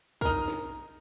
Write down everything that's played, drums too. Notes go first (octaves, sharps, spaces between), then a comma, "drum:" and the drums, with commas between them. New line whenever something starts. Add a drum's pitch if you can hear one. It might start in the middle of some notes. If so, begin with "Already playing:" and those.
D#4 A#4, drum: kick
drum: snare